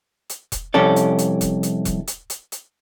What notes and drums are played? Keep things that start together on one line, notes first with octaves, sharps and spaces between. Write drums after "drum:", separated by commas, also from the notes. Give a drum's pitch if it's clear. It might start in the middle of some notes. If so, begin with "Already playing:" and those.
drum: hi-hat
drum: kick E1, hi-hat
C2 F2 C#4 A4 D5
drum: hi-hat
drum: hi-hat
drum: kick E1, hi-hat
drum: hi-hat
drum: kick E1, hi-hat
drum: hi-hat
drum: hi-hat
drum: hi-hat